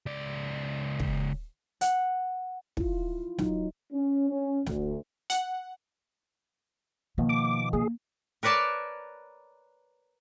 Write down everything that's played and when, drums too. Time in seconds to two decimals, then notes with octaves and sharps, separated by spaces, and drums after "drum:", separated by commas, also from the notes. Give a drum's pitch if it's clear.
0.06 C#2 D5
1.00 drum: kick
1.81 F#5, drum: hi-hat
2.77 E4 F4, drum: kick
3.38 F#3 D#4, drum: snare
3.93 C#4
4.30 C#4
4.66 D2, drum: snare
5.30 F#5, drum: hi-hat
7.18 B2 D#3 F3 A#3
7.29 D6
7.73 A#3 G#4
8.43 A#4 B4 C#5 D5 A5